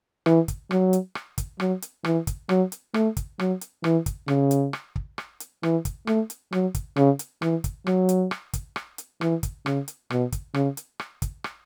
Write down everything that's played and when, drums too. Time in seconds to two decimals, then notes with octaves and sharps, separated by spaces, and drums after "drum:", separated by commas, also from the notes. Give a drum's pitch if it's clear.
0.26 E3, drum: rim click
0.48 drum: kick, hi-hat
0.71 F#3, drum: rim click
0.93 drum: hi-hat
1.15 drum: rim click
1.38 drum: kick, hi-hat
1.60 F#3, drum: rim click
1.82 drum: hi-hat
2.04 E3, drum: rim click
2.27 drum: kick, hi-hat
2.49 F#3, drum: rim click
2.72 drum: hi-hat
2.94 A3, drum: rim click
3.17 drum: kick, hi-hat
3.39 F#3, drum: rim click
3.61 drum: hi-hat
3.84 E3, drum: rim click
4.06 drum: kick, hi-hat
4.28 C#3, drum: rim click
4.51 drum: hi-hat
4.73 drum: rim click
4.96 drum: kick
5.18 drum: rim click
5.40 drum: hi-hat
5.63 E3, drum: rim click
5.85 drum: kick, hi-hat
6.07 A3, drum: rim click
6.30 drum: hi-hat
6.52 F#3, drum: rim click
6.74 drum: kick, hi-hat
6.96 C#3, drum: rim click
7.19 drum: hi-hat
7.42 E3, drum: rim click
7.64 drum: kick, hi-hat
7.87 F#3, drum: rim click
8.09 drum: hi-hat
8.31 drum: rim click
8.53 drum: kick, hi-hat
8.76 drum: rim click
8.98 drum: hi-hat
9.21 E3, drum: rim click
9.43 drum: kick, hi-hat
9.66 C#3, drum: rim click
9.88 drum: hi-hat
10.10 B2, drum: rim click
10.32 drum: kick, hi-hat
10.54 C#3, drum: rim click
10.77 drum: hi-hat
11.00 drum: rim click
11.22 drum: kick, hi-hat
11.44 drum: rim click